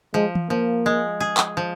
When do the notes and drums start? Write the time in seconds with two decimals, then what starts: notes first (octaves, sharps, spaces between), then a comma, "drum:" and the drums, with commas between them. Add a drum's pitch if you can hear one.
0.14 F3 G#3
0.35 drum: tom E3
0.50 F3 A#3
0.86 G#3
1.20 G#4
1.37 drum: clap
1.57 F3